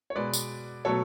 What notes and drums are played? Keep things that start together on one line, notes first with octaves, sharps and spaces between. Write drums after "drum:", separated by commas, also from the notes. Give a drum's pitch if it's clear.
C#5
B2 G#3 B4 D5
drum: tambourine
B2 F#3 A3 A4 C#5